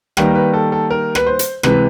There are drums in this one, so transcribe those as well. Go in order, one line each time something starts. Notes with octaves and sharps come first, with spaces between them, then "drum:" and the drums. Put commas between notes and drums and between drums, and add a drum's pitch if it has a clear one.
D#3 G3 A#3 B4, drum: rim click
B4
A4
A4
A#4
B4, drum: rim click
C5
drum: hi-hat
C3 E3 G#3 B4, drum: rim click